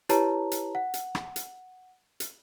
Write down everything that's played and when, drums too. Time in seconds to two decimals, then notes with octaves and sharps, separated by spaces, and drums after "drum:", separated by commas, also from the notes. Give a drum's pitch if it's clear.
0.09 E4 G4 B4 C#5 A5 A#5, drum: hi-hat
0.51 drum: hi-hat
0.75 F#5
0.94 drum: hi-hat
1.15 drum: rim click
1.36 drum: hi-hat
2.20 drum: hi-hat